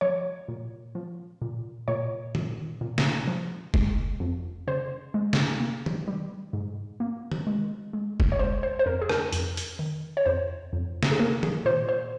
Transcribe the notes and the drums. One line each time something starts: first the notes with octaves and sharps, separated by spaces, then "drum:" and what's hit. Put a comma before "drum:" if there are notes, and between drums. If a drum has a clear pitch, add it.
F3 C#5
A#2
F3
A#2
A#2 C#5
A#2, drum: tom D#3
A#2
drum: snare
F3
G#3, drum: kick
F2
C#3 C5
G#3
drum: snare
A#3
drum: tom D#3
G3
G#2
A#3
drum: tom D#3
G#3
G#3
drum: kick
C#5
G#3 C5
C5
C5
F2 A#4
G#4
A#4, drum: rim click
F2, drum: hi-hat
drum: hi-hat
D#3
C#5
F2 C5
F2
drum: snare
G#4
A#3 A#4
G#4, drum: tom D#3
A#2 C5
C5